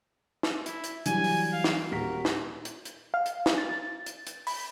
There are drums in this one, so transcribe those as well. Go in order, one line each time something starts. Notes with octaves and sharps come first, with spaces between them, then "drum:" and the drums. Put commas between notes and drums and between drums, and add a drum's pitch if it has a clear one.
drum: snare
E4, drum: hi-hat
drum: hi-hat
E3 F#3 G3 G#5, drum: hi-hat
drum: open hi-hat
F5
drum: snare
D#1 F#4 A#4 B6
drum: snare
drum: hi-hat
drum: hi-hat
F5
drum: hi-hat
drum: snare
A6
drum: hi-hat
drum: hi-hat
B5, drum: open hi-hat